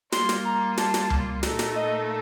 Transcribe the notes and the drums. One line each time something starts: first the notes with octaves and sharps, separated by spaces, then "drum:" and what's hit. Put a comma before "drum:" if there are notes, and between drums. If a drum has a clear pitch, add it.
G3 A#3 F4 C6, drum: snare
drum: snare
A#5
A5, drum: snare
drum: snare
drum: tom C#2
A#2 A3 D#4, drum: snare
drum: snare
D#5